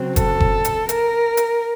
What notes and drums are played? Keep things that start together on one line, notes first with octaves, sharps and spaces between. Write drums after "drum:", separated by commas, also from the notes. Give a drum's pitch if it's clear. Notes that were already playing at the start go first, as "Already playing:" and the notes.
Already playing: C#3 F#3 C4
A4, drum: kick F#1, hi-hat
drum: kick F#1
drum: hi-hat
A#4, drum: hi-hat
drum: hi-hat